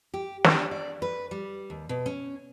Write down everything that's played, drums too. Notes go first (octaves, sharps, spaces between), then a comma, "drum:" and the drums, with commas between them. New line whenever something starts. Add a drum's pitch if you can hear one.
G4
D4, drum: snare
D5
B4
G3
D#2
B2
C#4